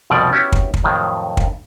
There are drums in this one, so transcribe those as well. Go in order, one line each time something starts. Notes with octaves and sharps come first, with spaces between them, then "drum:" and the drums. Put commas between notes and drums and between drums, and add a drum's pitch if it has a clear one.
C2 F2 B2 F3 D5
B3 C#4 E4 F#4 G4
drum: kick
drum: kick
F2 A2 D#3 F#3
drum: kick